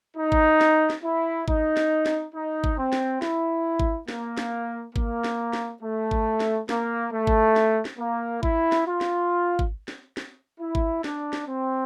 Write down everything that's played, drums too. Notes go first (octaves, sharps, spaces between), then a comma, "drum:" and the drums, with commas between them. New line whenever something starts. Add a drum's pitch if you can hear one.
D#4
drum: kick G#1
drum: snare
drum: snare
E4
D#4, drum: kick G#1
drum: snare
drum: snare
D#4
drum: kick G#1
C4
drum: snare
E4, drum: snare
drum: kick G#1
A#3, drum: snare
drum: snare
A#3, drum: kick G#1
drum: snare
drum: snare
A3
drum: kick G#1
drum: snare
A#3, drum: snare
A3
drum: kick G#1
drum: snare
drum: snare
A#3
E4, drum: kick G#1
drum: snare
F4
drum: snare
drum: kick G#1
drum: snare
drum: snare
E4
drum: kick G#1
D4, drum: snare
drum: snare
C4